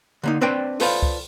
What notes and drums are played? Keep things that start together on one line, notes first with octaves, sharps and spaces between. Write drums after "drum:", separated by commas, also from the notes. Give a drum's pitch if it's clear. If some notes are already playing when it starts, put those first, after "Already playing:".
D3 A#3 D#4
C4 D4 B4 D5 G5
F4 A4 B4 C5 D5 F5, drum: open hi-hat
drum: kick